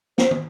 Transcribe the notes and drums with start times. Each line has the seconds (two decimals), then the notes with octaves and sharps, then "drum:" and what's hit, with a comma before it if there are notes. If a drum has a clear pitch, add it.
0.18 C5, drum: snare
0.31 drum: tom